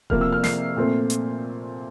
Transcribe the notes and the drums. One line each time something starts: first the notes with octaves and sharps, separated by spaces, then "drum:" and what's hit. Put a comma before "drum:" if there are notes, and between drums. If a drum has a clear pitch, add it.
C3 F3 A#3 F6, drum: kick D#1
E6
F6
C7, drum: snare
A#2 A3 C4
drum: hi-hat